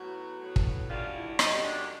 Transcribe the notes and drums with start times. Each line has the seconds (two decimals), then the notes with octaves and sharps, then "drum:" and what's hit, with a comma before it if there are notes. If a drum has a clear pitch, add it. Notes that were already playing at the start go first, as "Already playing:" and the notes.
Already playing: A2 F#3 B3 F#4
0.39 A2 F#3 B3
0.56 drum: kick
0.89 F#2 D3 G3 F4
1.14 E4
1.39 F#2 D3 G3 D#4, drum: rim click
1.64 D4